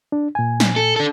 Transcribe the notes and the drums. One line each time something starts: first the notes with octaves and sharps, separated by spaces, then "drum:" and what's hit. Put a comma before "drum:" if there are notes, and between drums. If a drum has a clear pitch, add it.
D4
A#2 G#5
drum: snare
A4
D4 A4